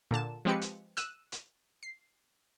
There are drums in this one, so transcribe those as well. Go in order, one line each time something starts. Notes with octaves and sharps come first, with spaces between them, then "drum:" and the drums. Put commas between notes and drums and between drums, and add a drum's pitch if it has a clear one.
A#2 D3 A5 E7
F3 G#3 C4 G4 B4 C#7
drum: hi-hat
E6 F#6 D#7 E7, drum: hi-hat
drum: hi-hat
C7